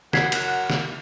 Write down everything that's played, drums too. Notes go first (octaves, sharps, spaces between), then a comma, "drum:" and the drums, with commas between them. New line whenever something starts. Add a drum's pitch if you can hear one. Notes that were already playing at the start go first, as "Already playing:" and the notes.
F#2 F#5 G#6 B6 C7, drum: snare
drum: cymbal
drum: snare